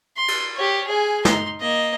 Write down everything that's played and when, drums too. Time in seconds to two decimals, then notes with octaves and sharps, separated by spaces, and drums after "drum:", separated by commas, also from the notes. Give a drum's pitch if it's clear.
0.17 C6
0.28 drum: cymbal
0.56 G4 C#5
0.87 G#4 G#5
1.25 D#4 C6, drum: snare
1.60 A#3 D#5